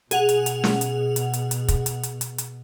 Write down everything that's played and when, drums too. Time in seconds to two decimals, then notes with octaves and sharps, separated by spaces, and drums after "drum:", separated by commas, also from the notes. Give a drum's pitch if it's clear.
0.11 B2 G#4 F#5 F7, drum: hi-hat
0.29 drum: hi-hat
0.46 drum: hi-hat
0.64 drum: snare
0.81 drum: hi-hat
1.16 drum: hi-hat
1.33 drum: hi-hat
1.51 drum: hi-hat
1.68 drum: kick, hi-hat
1.86 drum: hi-hat
2.03 drum: hi-hat
2.21 drum: hi-hat
2.38 drum: hi-hat